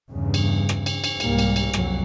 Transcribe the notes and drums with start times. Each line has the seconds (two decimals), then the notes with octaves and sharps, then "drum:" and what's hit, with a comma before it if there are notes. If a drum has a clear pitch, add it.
0.11 E2 G2 C#3
0.34 drum: cymbal
0.69 drum: rim click
0.86 drum: cymbal
1.04 drum: cymbal
1.20 C2 G#2 G3 A#3, drum: cymbal
1.39 drum: cymbal
1.56 drum: cymbal
1.73 C2 F2 F#3, drum: rim click